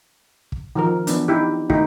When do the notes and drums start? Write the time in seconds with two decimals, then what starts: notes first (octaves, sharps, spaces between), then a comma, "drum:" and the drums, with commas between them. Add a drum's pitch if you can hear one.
0.52 drum: kick
0.76 D#3 F3 A#4
1.07 E3 B3 D4, drum: hi-hat
1.28 D#4 E4 G4
1.70 D#3 A3 D#4 E4 F#4 G4, drum: kick